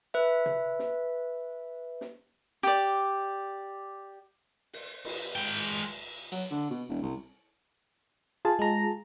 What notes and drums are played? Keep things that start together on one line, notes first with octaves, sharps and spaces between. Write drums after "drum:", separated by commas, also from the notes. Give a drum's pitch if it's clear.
B4 E5
drum: tom
drum: snare
drum: snare
G4 D5
drum: open hi-hat
drum: cymbal
G#3 G5
F#3, drum: cymbal
D3
B2
E1
C2
F4 G#4 A5
G#3 A#5